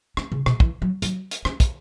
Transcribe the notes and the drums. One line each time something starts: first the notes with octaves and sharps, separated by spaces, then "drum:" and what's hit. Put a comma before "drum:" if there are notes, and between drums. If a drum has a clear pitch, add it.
C#4, drum: rim click
C#3
B2, drum: rim click
E3, drum: kick
F#3
F#3, drum: hi-hat
drum: hi-hat
C#4, drum: rim click
drum: kick, hi-hat